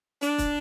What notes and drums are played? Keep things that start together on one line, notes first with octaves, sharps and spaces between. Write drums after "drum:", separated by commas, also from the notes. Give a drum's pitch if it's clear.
D4, drum: hi-hat
drum: kick, hi-hat